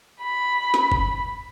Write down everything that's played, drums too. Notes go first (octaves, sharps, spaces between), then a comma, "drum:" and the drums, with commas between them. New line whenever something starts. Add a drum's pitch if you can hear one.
B5
drum: snare
drum: kick F#1